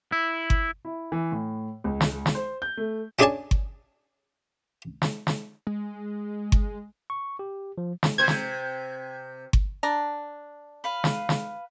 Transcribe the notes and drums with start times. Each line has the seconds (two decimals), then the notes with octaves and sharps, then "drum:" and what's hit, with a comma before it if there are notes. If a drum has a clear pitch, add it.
0.12 E4
0.50 drum: kick G1
0.85 E4
1.12 E3
1.32 A2
1.84 C#2
2.01 drum: snare
2.26 drum: snare
2.35 C5
2.62 G6
2.77 A3
3.19 C#4 D4 G#4 D5 G#5 A5
3.51 drum: kick G1
5.02 drum: snare
5.27 drum: snare
5.67 G#3
6.52 drum: kick G1
7.10 C#6
7.39 G4
7.78 F3
8.03 drum: snare
8.18 C3 C5 G#6
8.28 drum: snare
9.53 drum: kick G1
9.83 D4 A#5
10.84 B4 F5
11.04 drum: snare
11.29 drum: snare